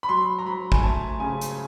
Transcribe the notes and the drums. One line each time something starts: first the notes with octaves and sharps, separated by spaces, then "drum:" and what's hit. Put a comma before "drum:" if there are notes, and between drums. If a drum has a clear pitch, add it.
B5
F#3 C6
A#5
F#3 B5
G#5, drum: kick
A3 A5
C#3 G#5
drum: hi-hat